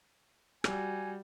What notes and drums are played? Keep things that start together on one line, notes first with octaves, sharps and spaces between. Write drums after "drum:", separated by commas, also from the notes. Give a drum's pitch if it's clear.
G3 F#4 G#5, drum: rim click